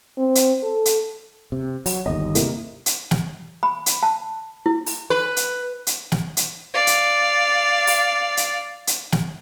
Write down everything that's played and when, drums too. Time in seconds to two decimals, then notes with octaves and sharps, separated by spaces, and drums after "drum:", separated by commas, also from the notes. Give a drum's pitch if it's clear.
0.18 C4
0.35 drum: hi-hat
0.63 A4
0.85 drum: hi-hat
1.52 C3
1.86 F#3, drum: open hi-hat
2.06 G1 D#2 D#5
2.35 C3 A#3 E4, drum: hi-hat
2.86 drum: hi-hat
3.11 drum: snare
3.63 B5
3.86 drum: hi-hat
4.03 A5
4.66 E4
4.86 drum: open hi-hat
5.10 B4
5.36 drum: hi-hat
5.87 drum: hi-hat
6.12 drum: snare
6.37 drum: hi-hat
6.74 D5 F5
6.87 drum: hi-hat
7.87 drum: open hi-hat
8.37 drum: hi-hat
8.87 drum: hi-hat
9.12 drum: snare